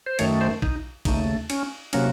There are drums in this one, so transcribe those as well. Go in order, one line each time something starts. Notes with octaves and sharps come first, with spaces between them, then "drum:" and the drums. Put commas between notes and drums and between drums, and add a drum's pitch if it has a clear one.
C5
F#2 D#3 A3 C#5, drum: cymbal
C5
D#4, drum: kick
D#2 C#3 A3 D#4, drum: kick, cymbal
C#4, drum: cymbal
C3 F#3 A#3 C#4, drum: cymbal